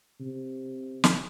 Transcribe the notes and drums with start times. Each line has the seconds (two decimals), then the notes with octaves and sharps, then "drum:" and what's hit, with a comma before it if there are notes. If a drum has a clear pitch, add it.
0.20 C3
1.04 drum: snare